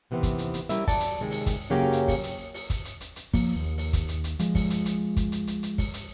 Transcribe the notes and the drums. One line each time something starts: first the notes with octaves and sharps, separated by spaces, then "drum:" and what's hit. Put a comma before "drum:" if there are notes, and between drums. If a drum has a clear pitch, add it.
D#2 C3 E3 B3 C4
drum: kick, hi-hat
drum: hi-hat
drum: hi-hat
G3 C#4 E4 A#4 E5, drum: hi-hat
F#3 D5 A5, drum: kick, open hi-hat
drum: hi-hat
C3 D#3 G#3
drum: open hi-hat
drum: kick, hi-hat
F#2 C#3 F#3 A#3 C#4 G4
drum: hi-hat
drum: kick, open hi-hat
drum: hi-hat
drum: open hi-hat
drum: kick, hi-hat
drum: hi-hat
drum: hi-hat
drum: hi-hat
F3 A#3, drum: kick, open hi-hat
D#2
drum: open hi-hat
drum: kick, hi-hat
drum: hi-hat
drum: hi-hat
F3 G#3, drum: hi-hat
drum: kick, open hi-hat
drum: hi-hat
drum: hi-hat
drum: kick, hi-hat
drum: hi-hat
drum: hi-hat
drum: hi-hat
drum: kick, open hi-hat
drum: hi-hat